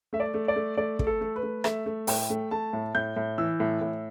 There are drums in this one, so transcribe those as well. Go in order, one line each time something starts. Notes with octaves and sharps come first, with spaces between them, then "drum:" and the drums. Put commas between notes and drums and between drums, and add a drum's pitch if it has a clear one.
A3 E5
D5
A3
D5
A3
A3 D5
A3, drum: kick
A4
A3
B4
A3
A3 E5, drum: rim click
A3
A2 G5, drum: open hi-hat
A3
A3 A5
A2
A2 G6
A2
E3 E6
A2
A2